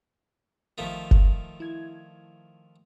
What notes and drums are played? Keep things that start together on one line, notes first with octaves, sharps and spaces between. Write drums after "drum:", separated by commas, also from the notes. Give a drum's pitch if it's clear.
A#1 D#3 F3 A3 B6
drum: kick F#1
E4 G#6